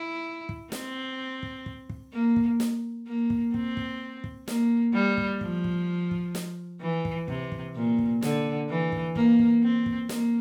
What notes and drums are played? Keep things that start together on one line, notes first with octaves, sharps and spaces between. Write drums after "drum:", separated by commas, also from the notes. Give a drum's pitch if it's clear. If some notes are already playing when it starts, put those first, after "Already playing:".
Already playing: E4
drum: kick
C4, drum: snare
drum: kick
drum: kick
drum: kick
A#3
drum: kick
drum: snare
A#3
drum: kick
C4, drum: kick
drum: kick
drum: kick
A#3, drum: snare
G3
drum: kick
F3, drum: kick
drum: kick
drum: kick
drum: snare
E3
drum: kick
C3, drum: kick
drum: kick
A#2
drum: kick
D3, drum: snare
E3
drum: kick
A#3, drum: kick
drum: kick
C4
drum: kick
A#3, drum: snare